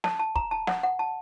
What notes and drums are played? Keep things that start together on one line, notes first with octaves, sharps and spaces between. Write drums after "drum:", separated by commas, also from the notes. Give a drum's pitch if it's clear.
A5, drum: snare
A5
A#5, drum: kick
A5
F#5, drum: snare
F#5
A5